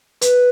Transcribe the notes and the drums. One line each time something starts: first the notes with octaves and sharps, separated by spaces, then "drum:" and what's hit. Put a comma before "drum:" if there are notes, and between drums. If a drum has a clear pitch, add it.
B4, drum: hi-hat